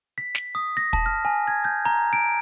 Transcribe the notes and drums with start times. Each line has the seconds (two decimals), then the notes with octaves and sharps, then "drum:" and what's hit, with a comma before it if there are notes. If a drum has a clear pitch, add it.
0.18 B6
0.35 drum: snare
0.55 D#6
0.77 A#6
0.93 A5, drum: kick
1.06 F6
1.25 G#5
1.48 G#6
1.64 G6
1.85 A#5
2.13 D7